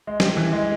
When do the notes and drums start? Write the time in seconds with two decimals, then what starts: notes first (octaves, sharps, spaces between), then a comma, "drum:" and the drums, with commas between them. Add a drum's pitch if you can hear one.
0.07 G#3
0.20 G3, drum: snare
0.37 E3
0.53 G#3